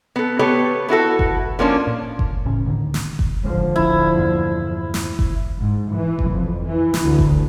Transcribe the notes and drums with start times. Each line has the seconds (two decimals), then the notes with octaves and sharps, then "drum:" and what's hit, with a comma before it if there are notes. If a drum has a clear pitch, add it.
0.16 B3 A4
0.39 A3 B3 G4 A4 C#5
0.89 B3 E4 F#4 A4
1.19 drum: kick F#1
1.59 F3 A#3 C#4 D4
1.87 A#2
2.19 drum: kick F#1
2.45 A1 A2 C#3 C#4
2.65 A1 D2 D3 D#3
2.94 drum: snare
3.19 drum: kick F#1
3.44 A1 D#2 G#2 D3 F3
3.76 D1 A#1 E4
4.14 E2 G2 A#2
4.94 drum: snare
5.19 drum: kick F#1
5.57 G#2
5.93 E3
6.19 drum: kick F#1
6.30 F2
6.67 E3
6.94 drum: snare
7.05 D2
7.19 drum: kick F#1